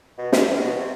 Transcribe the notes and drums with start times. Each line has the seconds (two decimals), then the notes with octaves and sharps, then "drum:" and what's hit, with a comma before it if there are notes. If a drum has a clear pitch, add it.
0.18 B2
0.32 G#2, drum: snare
0.47 G2
0.56 C3
0.61 B2
0.76 C3